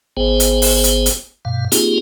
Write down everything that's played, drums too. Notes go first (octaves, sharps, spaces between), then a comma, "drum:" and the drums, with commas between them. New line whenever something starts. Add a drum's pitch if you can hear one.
G#1 B3 G#4 C5 G5
drum: hi-hat
drum: open hi-hat
drum: hi-hat
drum: hi-hat
G2 B2 F5
A#3 C4 D#4 F4 G4 G#4, drum: hi-hat